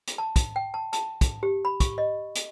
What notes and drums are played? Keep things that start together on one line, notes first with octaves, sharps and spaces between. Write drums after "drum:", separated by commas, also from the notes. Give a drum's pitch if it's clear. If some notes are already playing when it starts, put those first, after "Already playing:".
drum: hi-hat
A5
drum: kick, hi-hat
G5
A5
A5, drum: hi-hat
drum: kick, hi-hat
G4
B5
C#6, drum: kick, hi-hat
D#5
drum: hi-hat